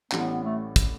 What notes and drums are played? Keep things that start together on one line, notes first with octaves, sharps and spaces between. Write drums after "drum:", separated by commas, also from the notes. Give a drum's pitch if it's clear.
A1 A2 G3 B3, drum: clap
A3
drum: kick, hi-hat